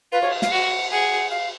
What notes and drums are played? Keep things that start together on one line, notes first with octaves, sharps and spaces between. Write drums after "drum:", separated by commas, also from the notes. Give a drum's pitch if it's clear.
F4 B4
C#5, drum: cymbal
F5, drum: snare
F#4 F#5
G#4 F#5
F5